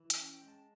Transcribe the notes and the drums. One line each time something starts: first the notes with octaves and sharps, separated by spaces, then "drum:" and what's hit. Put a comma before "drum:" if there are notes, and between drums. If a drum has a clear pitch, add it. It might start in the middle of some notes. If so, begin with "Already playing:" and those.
Already playing: E3
G5, drum: hi-hat
C#4
G5
G#3
A5